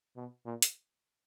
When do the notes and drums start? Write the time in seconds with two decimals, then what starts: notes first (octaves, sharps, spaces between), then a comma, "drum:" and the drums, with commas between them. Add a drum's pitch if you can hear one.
0.17 B2
0.46 A#2
0.62 drum: hi-hat